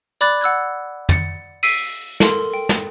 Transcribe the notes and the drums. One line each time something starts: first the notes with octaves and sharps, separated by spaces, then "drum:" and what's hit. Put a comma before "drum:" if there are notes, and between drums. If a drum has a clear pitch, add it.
D5 B5 D6 F#6 A6
F#5 E6 F#6 G#6
A6 C#7, drum: tom
E6 B6 C7 D7 D#7, drum: open hi-hat
A4 A#4 C6, drum: snare
G5
drum: snare